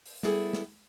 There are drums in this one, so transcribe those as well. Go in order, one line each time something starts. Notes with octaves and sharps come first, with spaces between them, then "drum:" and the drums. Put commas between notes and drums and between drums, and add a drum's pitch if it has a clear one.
drum: open hi-hat
G3 A3 B3 E4 G#4 A4, drum: snare
drum: snare